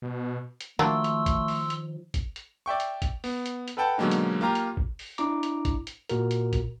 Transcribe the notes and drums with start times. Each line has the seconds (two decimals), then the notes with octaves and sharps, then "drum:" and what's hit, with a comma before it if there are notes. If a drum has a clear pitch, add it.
0.02 B2
0.61 drum: hi-hat
0.79 D#3 F3 F#3 A3 A#3 D4 C6 E6
1.04 drum: hi-hat
1.26 drum: kick, hi-hat
1.48 drum: open hi-hat
1.70 drum: hi-hat
2.14 drum: kick, hi-hat
2.36 drum: hi-hat
2.66 D5 E5 G5 C#6
2.80 drum: hi-hat
3.02 drum: kick, hi-hat
3.24 B3, drum: open hi-hat
3.46 drum: hi-hat
3.68 drum: hi-hat
3.77 A4 B4 F#5 G5 A5
3.98 B2 D3 F#3 G#3 A#3 D#4
4.11 drum: hi-hat
4.41 A#3 F4 G4 A#5
4.55 drum: hi-hat
4.77 drum: kick
4.99 drum: open hi-hat
5.18 D4 E4 A#5 D6, drum: hi-hat
5.43 drum: hi-hat
5.65 drum: kick, hi-hat
5.87 drum: hi-hat
6.09 A#2 F#4 A#4, drum: hi-hat
6.31 drum: hi-hat
6.53 drum: kick, hi-hat